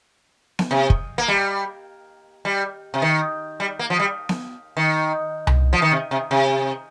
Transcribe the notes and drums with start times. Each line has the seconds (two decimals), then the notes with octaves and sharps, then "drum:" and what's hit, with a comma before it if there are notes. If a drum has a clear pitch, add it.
0.59 drum: snare B3
0.71 C3
0.90 drum: kick
1.18 A#3
1.28 G3
2.45 G3
2.94 C3
3.02 D#3
3.60 G3
3.79 A#3
3.90 F3
3.99 G3
4.29 drum: snare B3
4.77 D#3
5.47 drum: tom C2
5.73 F3
5.82 D#3
5.92 C3
6.11 C3
6.31 C3